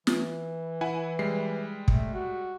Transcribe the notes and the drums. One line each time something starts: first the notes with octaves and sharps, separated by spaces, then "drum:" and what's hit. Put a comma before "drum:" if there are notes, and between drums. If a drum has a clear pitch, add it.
E3, drum: snare
E4 F#5 G#5
G3 G#3 C7
A3, drum: kick
F#4